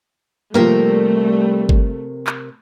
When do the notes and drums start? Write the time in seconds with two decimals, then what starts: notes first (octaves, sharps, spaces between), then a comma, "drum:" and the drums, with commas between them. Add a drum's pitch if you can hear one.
0.54 C3 F3 G3 A3 A#3 A#4 G5
1.69 drum: kick G1
2.27 drum: clap